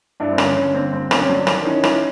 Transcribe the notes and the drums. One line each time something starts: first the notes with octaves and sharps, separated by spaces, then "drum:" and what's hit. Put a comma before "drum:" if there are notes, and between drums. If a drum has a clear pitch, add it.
G2 D4 E4
C4
G1 C#4, drum: rim click
G1 C#4
G1 C4
G1 C4
G1 C4, drum: rim click
C#4
F#3 C4 D4
D#3, drum: rim click
E3 C#4 D#4
E3, drum: rim click